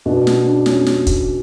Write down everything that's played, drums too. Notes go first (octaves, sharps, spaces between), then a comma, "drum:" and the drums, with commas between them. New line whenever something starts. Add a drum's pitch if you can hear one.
B2 D4 F#4
D4, drum: snare
D4
C#4, drum: snare
drum: snare
drum: kick, hi-hat